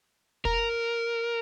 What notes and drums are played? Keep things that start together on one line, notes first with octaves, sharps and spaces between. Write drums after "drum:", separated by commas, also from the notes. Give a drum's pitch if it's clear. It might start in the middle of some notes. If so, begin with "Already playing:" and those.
A#4, drum: kick